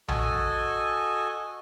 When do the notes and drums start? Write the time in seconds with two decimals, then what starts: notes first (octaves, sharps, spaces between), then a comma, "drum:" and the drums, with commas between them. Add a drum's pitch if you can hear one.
0.08 F#4 A4 D#5 G#5, drum: tom A#1